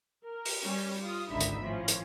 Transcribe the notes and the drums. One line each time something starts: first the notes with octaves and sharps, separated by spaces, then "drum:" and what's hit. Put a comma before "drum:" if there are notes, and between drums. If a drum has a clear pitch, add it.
A#4
drum: open hi-hat
G3 C#4
F4 D#6
G#1 C#2 D3 D#4 E5 B5
drum: hi-hat
A2 F3 C#4
drum: hi-hat